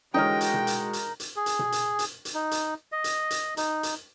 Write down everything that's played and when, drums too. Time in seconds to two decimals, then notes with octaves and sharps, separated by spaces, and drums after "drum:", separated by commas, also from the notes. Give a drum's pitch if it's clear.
0.14 D3 E3 G#3 D#4 F#4 A#4 C#5 G5
0.41 drum: hi-hat
0.54 drum: tom B2
0.67 drum: hi-hat
0.93 drum: hi-hat
1.20 drum: hi-hat
1.36 G#4
1.46 drum: hi-hat
1.59 drum: tom B2
1.72 drum: hi-hat
1.99 drum: hi-hat
2.25 drum: hi-hat
2.34 D#4
2.51 drum: hi-hat
2.92 D#5
3.04 drum: hi-hat
3.30 drum: hi-hat
3.57 D#4, drum: hi-hat
3.83 drum: hi-hat